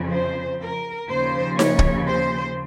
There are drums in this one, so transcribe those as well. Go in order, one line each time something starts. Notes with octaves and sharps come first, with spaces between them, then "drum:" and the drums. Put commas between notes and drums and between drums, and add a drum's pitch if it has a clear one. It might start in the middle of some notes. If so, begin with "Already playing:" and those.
Already playing: F2 C#3 F3
C5
A#4
D#2 C#3 F3 C5
C#5, drum: snare D#4
drum: kick
C5